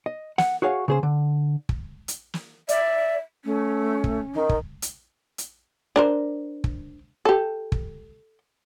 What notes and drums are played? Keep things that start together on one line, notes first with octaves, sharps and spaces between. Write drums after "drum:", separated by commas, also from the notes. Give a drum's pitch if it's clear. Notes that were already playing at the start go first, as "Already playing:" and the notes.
D#5
F#5, drum: snare
F#4 G#4 C#5 F5 F#5
C#3 G#4 C5
D3
drum: kick
drum: hi-hat
drum: snare
D5 E5, drum: hi-hat
A3 C#4
drum: kick
D#3
drum: kick
drum: hi-hat
drum: hi-hat
D4 A#4 C5
drum: kick
G4 A4
drum: kick